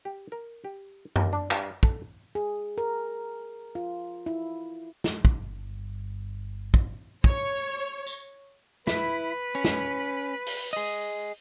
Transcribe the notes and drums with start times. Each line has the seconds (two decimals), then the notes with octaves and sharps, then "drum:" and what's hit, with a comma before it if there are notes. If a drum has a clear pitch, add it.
0.05 G4
0.32 A#4
0.64 G4
1.16 D#2, drum: tom F#2
1.33 D4
1.51 G2, drum: clap
1.83 A4, drum: kick
2.35 G#4
2.78 A#4
3.75 F4
4.26 E4
5.04 drum: snare
5.25 G1 G2, drum: kick
6.74 drum: kick
7.24 C#5, drum: kick
8.07 drum: tambourine
8.87 E4 B4, drum: snare
9.55 C#4
9.64 drum: snare
10.46 drum: open hi-hat
10.73 G#4 D#5